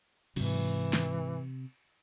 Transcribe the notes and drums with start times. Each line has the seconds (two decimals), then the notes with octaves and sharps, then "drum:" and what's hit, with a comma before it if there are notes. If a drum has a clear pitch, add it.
0.36 G#2 C3 E3 F#3, drum: cymbal
0.93 drum: snare